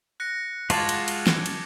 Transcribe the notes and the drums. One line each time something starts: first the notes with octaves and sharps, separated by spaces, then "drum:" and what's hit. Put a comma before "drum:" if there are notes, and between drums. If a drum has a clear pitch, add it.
F#6 A#6 C#7
G#3 F4 F#4 A5 D6 G#6 A6, drum: cymbal
drum: cymbal
drum: cymbal
drum: snare
drum: cymbal